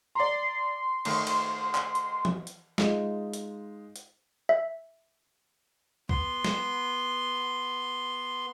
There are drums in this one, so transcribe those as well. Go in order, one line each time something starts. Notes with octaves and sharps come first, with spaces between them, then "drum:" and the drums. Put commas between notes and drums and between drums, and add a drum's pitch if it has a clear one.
D5 A#5 C6
D#3 A3, drum: cymbal
drum: cymbal
drum: clap
drum: hi-hat
drum: tom E3
drum: hi-hat
G#3 D#4 F4, drum: snare
drum: hi-hat
drum: hi-hat
E5
B3 C6, drum: kick C2
drum: snare